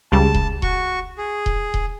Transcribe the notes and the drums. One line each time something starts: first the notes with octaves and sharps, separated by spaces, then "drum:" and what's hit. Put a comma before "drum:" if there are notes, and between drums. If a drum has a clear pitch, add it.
C#2 C#3 G3 A5
drum: kick D#1
F#4 C#6, drum: kick D#1
G#4
drum: kick D#1
drum: kick D#1